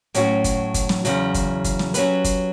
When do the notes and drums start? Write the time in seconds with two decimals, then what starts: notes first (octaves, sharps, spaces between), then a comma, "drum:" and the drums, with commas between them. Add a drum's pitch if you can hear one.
0.14 A2 F#3 C#4 F#4, drum: hi-hat
0.44 drum: kick, hi-hat
0.74 drum: kick, hi-hat
0.89 drum: snare
1.05 E2 C#3 F#3, drum: hi-hat
1.34 drum: kick, hi-hat
1.64 drum: kick, hi-hat
1.79 drum: snare
1.94 F#3 C#4 G4 B4, drum: hi-hat
2.24 drum: kick, hi-hat